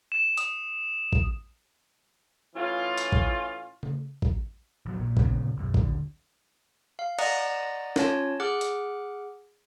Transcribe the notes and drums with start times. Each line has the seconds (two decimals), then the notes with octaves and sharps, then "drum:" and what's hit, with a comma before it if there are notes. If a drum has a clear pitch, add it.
0.12 E7
0.37 D#6, drum: hi-hat
1.13 drum: kick
2.56 A2 E3 C#4 F4
2.98 drum: hi-hat
3.12 drum: kick
3.83 drum: tom C#3
4.22 drum: kick
4.86 A1 F#3
4.98 A#1 A#2
5.17 D2 A#2 C#3 B3, drum: kick
5.57 B1 F#2
5.74 D#1 D3, drum: kick
6.99 F5
7.19 D5 D#5 F#5 A#5 D#6 F#6, drum: cymbal
7.96 C#4 F4 C#5 A5, drum: snare
8.40 G#4 F#5 D6 F6 F#6
8.61 drum: hi-hat